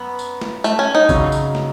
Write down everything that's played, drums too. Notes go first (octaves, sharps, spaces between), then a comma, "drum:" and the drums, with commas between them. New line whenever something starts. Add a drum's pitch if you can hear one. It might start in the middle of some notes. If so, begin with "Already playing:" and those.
Already playing: F#2 B3
drum: tambourine
drum: snare
A3, drum: tambourine
C#4
D#4
F#2 C#3 F#3 C#4 F#4, drum: kick A#1, tambourine
drum: tambourine
drum: snare